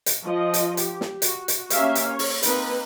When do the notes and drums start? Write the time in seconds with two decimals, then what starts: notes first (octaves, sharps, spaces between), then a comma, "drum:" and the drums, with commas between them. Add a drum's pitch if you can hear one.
0.06 drum: hi-hat
0.23 F3 D#5
0.54 drum: hi-hat
0.77 G4, drum: hi-hat
1.01 drum: snare
1.22 F#4, drum: hi-hat
1.48 drum: hi-hat
1.70 A#3 C#4 G4 E5 F5, drum: hi-hat
1.95 drum: hi-hat
2.10 C#5
2.19 drum: open hi-hat
2.43 A#3 C4 D#4 B4, drum: hi-hat